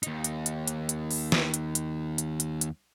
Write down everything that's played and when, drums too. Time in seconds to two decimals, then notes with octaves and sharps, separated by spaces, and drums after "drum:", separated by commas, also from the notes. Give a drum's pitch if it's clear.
0.03 D#2 D#4, drum: hi-hat
0.24 drum: hi-hat
0.46 drum: hi-hat
0.68 drum: hi-hat
0.89 drum: hi-hat
1.11 drum: open hi-hat
1.32 drum: snare
1.54 drum: hi-hat
1.75 drum: hi-hat
2.18 drum: hi-hat
2.40 drum: hi-hat
2.61 drum: hi-hat